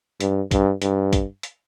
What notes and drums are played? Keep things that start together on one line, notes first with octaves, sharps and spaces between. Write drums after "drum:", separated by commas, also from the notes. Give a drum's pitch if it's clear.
G2, drum: hi-hat
G2, drum: kick, hi-hat
G2, drum: hi-hat
drum: kick, hi-hat
drum: hi-hat